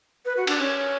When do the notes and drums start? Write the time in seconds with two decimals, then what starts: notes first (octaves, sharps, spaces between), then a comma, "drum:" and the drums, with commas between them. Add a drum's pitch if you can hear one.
0.25 B4
0.37 F#4
0.47 D4, drum: cymbal
0.59 C#4